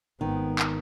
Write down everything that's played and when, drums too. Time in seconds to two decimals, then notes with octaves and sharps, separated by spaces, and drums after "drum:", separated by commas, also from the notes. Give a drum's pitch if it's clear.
0.21 G#1 D#3 B3
0.59 drum: clap